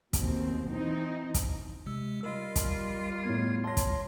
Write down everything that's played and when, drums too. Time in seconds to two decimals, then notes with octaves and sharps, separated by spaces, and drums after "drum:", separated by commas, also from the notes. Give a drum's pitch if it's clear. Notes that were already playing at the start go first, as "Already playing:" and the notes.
0.13 D#2 B2 C4, drum: kick, hi-hat
0.70 E3 C4 D#4
1.34 drum: kick, hi-hat
1.86 C3 G#3 E6
2.23 G3 F4 A#4 D#5
2.56 drum: kick, hi-hat
3.24 E2 A2 G#6
3.64 C#5 A5 C6 A#6
3.77 drum: kick, hi-hat